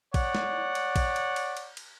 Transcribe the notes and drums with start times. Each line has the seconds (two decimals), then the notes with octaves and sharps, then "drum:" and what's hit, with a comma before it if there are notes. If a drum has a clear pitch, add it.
0.14 C#5 D5 F#5, drum: kick A#1, cymbal
0.35 drum: snare
0.75 drum: cymbal
0.96 drum: kick A#1, cymbal
1.16 drum: cymbal
1.36 drum: cymbal
1.57 drum: cymbal
1.77 drum: cymbal